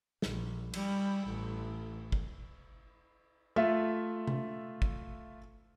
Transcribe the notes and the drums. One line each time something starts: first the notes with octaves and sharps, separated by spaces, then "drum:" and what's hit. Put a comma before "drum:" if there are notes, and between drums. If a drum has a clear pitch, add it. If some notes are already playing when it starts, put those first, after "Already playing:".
A#1, drum: snare
G3, drum: cymbal
A1
drum: kick
A3 F4 E5
drum: tom C3
drum: kick